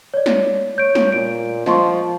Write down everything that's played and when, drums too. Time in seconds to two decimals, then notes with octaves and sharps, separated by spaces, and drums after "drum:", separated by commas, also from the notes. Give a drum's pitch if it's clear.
0.14 C#5 D5
0.26 drum: snare
0.78 C#5 G6 D7
0.95 drum: snare
1.12 A#2 D7
1.66 F3 D#5 C6 C#6, drum: snare